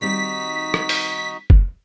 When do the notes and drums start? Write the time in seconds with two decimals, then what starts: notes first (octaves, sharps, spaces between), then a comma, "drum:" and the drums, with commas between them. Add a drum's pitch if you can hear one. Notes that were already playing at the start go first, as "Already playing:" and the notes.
0.01 D#3 G3 C4 D#4 F#4 B6
0.74 drum: rim click
0.89 drum: open hi-hat
1.50 drum: kick